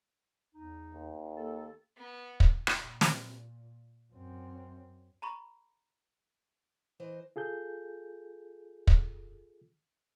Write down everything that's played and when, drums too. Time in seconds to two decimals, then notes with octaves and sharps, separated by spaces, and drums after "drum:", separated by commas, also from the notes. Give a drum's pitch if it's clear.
0.55 E2 D#4
0.94 D#2
1.37 A#3 A4
1.97 B3
2.40 drum: kick
2.67 drum: rim click
2.79 A#2
3.01 drum: snare
4.13 F#2 C4
5.22 A#5 B5 C#6
7.00 E3 C5 D#5
7.36 F4 G#4 A4 G6
8.87 drum: kick